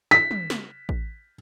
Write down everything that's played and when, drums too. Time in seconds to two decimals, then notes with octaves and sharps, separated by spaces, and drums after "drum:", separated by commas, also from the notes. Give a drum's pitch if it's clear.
0.11 B6
0.31 drum: tom
0.50 drum: snare
0.89 drum: kick A1